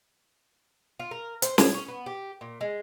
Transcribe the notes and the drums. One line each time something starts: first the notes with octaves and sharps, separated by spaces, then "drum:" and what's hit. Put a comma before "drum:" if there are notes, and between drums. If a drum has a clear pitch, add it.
F4
A#4
C5, drum: hi-hat
G#4, drum: snare
C#4
B3
G4
A#2
G#3